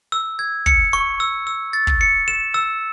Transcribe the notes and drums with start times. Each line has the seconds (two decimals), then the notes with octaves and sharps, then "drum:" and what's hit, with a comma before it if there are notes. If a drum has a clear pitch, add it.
0.12 E6
0.39 G#6
0.66 C#7, drum: kick
0.93 C#6
1.20 E6
1.47 E6
1.73 A6
1.87 drum: kick
2.01 C#7
2.28 E7
2.54 E6